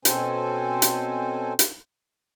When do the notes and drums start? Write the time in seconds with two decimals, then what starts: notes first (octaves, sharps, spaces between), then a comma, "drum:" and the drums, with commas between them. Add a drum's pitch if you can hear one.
0.05 B2 C4 C#4 A4 C5 G#5, drum: hi-hat
0.82 drum: hi-hat
1.59 drum: hi-hat